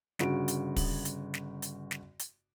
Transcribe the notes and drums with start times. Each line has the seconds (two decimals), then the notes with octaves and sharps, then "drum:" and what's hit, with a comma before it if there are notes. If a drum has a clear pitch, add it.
0.19 G1 C#3 F#4 D7, drum: snare
0.48 drum: hi-hat
0.76 drum: kick, open hi-hat
1.05 drum: hi-hat
1.34 drum: snare
1.62 drum: hi-hat
1.91 drum: snare
2.19 drum: hi-hat